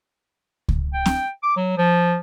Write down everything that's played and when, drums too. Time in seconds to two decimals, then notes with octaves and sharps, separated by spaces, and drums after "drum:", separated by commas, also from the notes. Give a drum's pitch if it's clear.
0.68 drum: kick C#2
0.93 G5
1.06 drum: snare C4
1.43 D6
1.56 F#3
1.77 F3